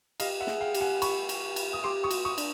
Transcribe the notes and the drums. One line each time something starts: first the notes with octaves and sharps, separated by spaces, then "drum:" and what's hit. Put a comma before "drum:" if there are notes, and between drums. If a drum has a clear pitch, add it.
G4 D#5 F5, drum: cymbal
E5 F#5
G#4, drum: snare
F5 G5
G4, drum: cymbal
F#5 G#5
B5 C#6, drum: cymbal
drum: cymbal
drum: cymbal
D#6
G4 C6 D6
C#6 D#6
F#4, drum: cymbal
C#6 D#6
D4, drum: cymbal